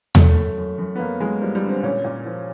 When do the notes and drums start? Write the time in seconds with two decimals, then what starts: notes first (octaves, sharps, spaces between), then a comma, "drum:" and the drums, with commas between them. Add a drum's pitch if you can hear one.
0.15 F#2 A3, drum: tom E2
0.36 F#2
0.57 F#2
0.78 F#2
0.95 B3
0.99 F#2 A#3
1.20 F#2 G#3
1.41 F3 G3
1.55 G3
1.62 D3
1.69 C4
1.83 A#2 C#4
2.04 A#2
2.26 F3